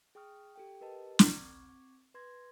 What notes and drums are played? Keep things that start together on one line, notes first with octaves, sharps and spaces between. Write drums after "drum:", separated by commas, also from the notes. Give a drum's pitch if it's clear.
G#4 G5 C#6 D#6 F6
G4 A4 G5
G4 A#4 B4 D#5 A5
C4 C#6 D6 G#6, drum: snare
B4 C6 G#6 A#6